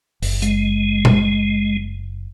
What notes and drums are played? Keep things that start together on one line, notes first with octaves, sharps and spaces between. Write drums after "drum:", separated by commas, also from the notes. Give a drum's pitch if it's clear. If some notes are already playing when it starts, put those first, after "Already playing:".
F#1, drum: open hi-hat
G#3, drum: hi-hat
drum: tom A#2